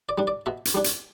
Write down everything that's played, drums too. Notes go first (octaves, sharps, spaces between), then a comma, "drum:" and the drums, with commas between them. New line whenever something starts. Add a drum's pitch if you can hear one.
D5
G3 D4
D5
B2 E5
drum: hi-hat
G3 D4
drum: hi-hat